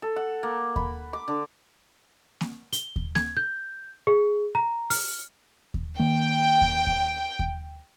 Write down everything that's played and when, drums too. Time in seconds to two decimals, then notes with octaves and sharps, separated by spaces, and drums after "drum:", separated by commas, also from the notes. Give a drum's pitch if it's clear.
0.02 A4
0.16 F#5
0.43 A#3
0.76 B5, drum: kick D#2
1.13 D6
1.28 D3
2.41 drum: snare A#3
2.73 G7, drum: hi-hat
2.96 drum: kick D#2
3.15 G#6, drum: snare A#3
3.37 G6
4.07 G#4
4.55 A#5
4.90 F6, drum: open hi-hat
5.74 drum: kick D#2
5.99 D#3 A#3 G5
6.61 drum: kick D#2
6.87 drum: kick D#2
7.39 drum: kick D#2